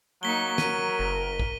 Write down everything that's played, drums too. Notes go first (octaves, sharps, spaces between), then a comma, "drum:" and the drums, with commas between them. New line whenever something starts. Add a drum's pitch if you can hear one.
F#3 A#3 D#4 B6 G7
A#4 D#7, drum: snare
F#1
drum: kick